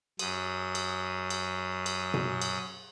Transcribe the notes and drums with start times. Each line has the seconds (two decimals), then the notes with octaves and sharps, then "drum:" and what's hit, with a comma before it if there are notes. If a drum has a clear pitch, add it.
0.19 F#2 D#6, drum: cymbal
0.75 drum: cymbal
1.30 drum: cymbal
1.86 drum: cymbal
2.14 drum: tom B2
2.42 drum: cymbal